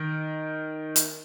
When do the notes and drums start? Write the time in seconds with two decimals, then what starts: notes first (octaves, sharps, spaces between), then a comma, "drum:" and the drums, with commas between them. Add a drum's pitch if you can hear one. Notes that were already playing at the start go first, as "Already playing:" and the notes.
Already playing: D#3
0.96 drum: hi-hat